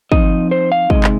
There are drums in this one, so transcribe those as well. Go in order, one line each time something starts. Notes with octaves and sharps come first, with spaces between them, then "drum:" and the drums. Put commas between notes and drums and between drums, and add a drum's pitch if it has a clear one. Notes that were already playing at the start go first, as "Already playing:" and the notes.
F3 C4 D#4 D#5, drum: kick
C5
F5
C3 G#3 D#4 D#5, drum: kick
drum: clap